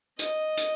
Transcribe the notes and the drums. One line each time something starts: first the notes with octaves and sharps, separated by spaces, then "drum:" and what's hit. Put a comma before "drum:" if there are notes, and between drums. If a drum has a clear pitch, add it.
D#5, drum: hi-hat
drum: hi-hat